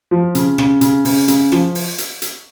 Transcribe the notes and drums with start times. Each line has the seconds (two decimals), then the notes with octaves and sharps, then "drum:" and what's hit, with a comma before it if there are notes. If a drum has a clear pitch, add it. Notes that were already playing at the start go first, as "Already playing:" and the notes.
0.11 F3
0.35 C#3, drum: hi-hat
0.58 C#3, drum: rim click
0.81 C#3, drum: hi-hat
1.05 C#3, drum: open hi-hat
1.28 C#3, drum: hi-hat
1.52 F3, drum: rim click
1.75 drum: open hi-hat
1.98 drum: hi-hat
2.22 drum: hi-hat